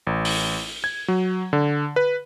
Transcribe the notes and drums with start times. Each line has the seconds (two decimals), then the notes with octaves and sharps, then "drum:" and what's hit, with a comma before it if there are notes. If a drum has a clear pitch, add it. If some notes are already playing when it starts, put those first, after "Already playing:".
0.07 A1
0.25 drum: open hi-hat
0.84 G#6
1.08 F#3
1.53 D3
1.96 B4